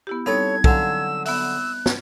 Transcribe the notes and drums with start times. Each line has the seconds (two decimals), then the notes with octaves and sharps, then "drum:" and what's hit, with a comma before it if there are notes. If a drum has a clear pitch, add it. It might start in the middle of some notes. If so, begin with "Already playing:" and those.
0.07 B3 E4 G4
0.26 G3 C4 D#4 E4 A4 C#5 G#6
0.64 D3 F#3 F5 G#5 E6, drum: kick
1.26 B3 E5 E6 F#6, drum: open hi-hat
1.86 drum: snare